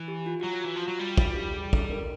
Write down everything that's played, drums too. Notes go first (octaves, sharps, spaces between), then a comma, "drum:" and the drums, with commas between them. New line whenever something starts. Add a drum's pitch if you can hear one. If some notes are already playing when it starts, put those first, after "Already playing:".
Already playing: E3
G4
F4
F#3 F#4
F4
E3 F#4
F3
F4
F#3
G3 F4
F4
F#4, drum: kick
G4
G#4
A4, drum: kick
A#4